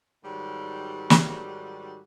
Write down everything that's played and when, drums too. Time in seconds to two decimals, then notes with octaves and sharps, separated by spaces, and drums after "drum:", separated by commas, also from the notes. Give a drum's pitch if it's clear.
0.24 G#2 D#3 F#3 G3
1.10 drum: snare